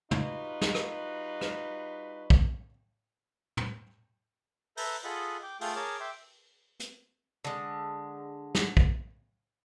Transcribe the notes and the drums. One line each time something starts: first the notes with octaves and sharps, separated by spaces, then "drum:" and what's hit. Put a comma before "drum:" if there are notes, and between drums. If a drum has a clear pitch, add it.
G3 D#4 F4 F#4 B4, drum: tom
drum: snare
drum: rim click
drum: rim click
drum: kick
drum: tom
A4 B4 E5 A#5 G6, drum: open hi-hat
F4 G#4 A4 D#5 F#5 B5
G5 D6
A3 F4 G#4 A4 F5 G5, drum: open hi-hat
G#4 A#4 C#5 A5 D6
E5 G5 C6 D6
drum: hi-hat
D3 G#3
drum: snare
drum: kick